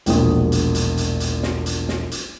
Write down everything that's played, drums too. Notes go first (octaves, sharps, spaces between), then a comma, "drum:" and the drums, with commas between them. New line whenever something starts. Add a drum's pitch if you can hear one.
E1 A#1 D#6, drum: hi-hat
drum: hi-hat
drum: hi-hat
drum: hi-hat
drum: hi-hat
drum: snare
drum: hi-hat
drum: snare
drum: hi-hat